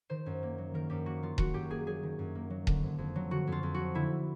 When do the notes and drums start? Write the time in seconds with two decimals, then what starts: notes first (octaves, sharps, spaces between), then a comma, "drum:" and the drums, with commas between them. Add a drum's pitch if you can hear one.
0.10 D#3 C5
0.26 F#2
0.43 A#3
0.58 F#3
0.74 D#3 A#4
0.90 F#2 G4
1.06 A#3 F#4
1.23 F#3 F4
1.38 D#3 F#4, drum: kick D#1
1.54 F#2 G4
1.70 A#3 G#4
1.87 F#3 G#4
2.03 D#3
2.19 F#2
2.35 A#3
2.50 F#3
2.67 D3, drum: kick D#1
2.83 F2
2.98 F2
3.16 F#3
3.31 D3 F#4
3.47 F2 F4
3.63 F2
3.74 F#4
3.80 F#3
3.95 D3 E4